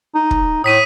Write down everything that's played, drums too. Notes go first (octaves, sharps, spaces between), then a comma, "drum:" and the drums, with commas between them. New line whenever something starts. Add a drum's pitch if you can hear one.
D#4
drum: kick
A2 D#6 B6 D#7